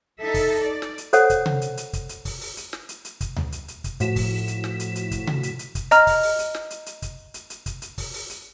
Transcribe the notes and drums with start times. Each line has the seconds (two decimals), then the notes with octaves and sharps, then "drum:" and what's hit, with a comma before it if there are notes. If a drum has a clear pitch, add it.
0.19 D#4 A4 E5
0.34 drum: kick, open hi-hat
0.60 D5
0.82 drum: snare
0.98 drum: hi-hat
1.13 A4 C5 C#5 F#5, drum: hi-hat
1.30 drum: kick, hi-hat
1.46 drum: tom C3
1.61 drum: hi-hat
1.77 drum: hi-hat
1.93 drum: kick, hi-hat
2.09 drum: hi-hat
2.25 drum: kick, open hi-hat
2.41 drum: open hi-hat
2.57 drum: hi-hat
2.73 drum: snare
2.89 drum: hi-hat
3.05 drum: hi-hat
3.21 drum: kick, hi-hat
3.36 drum: tom D2
3.52 drum: hi-hat
3.68 drum: hi-hat
3.84 drum: kick, hi-hat
4.00 A2 F3 F#4 B6 E7, drum: hi-hat
4.16 drum: kick, open hi-hat
4.48 drum: hi-hat
4.64 drum: snare
4.80 drum: hi-hat
4.95 drum: hi-hat
5.11 drum: kick, hi-hat
5.27 drum: tom C3
5.43 drum: hi-hat
5.59 drum: hi-hat
5.75 drum: kick, hi-hat
5.91 D#5 A#5 F6, drum: hi-hat
6.07 drum: kick, open hi-hat
6.23 drum: open hi-hat
6.39 drum: hi-hat
6.55 drum: snare
6.70 drum: hi-hat
6.86 drum: hi-hat
7.02 drum: kick, hi-hat
7.34 drum: hi-hat
7.50 drum: hi-hat
7.66 drum: kick, hi-hat
7.82 drum: hi-hat
7.98 drum: kick, open hi-hat
8.14 drum: open hi-hat
8.29 drum: hi-hat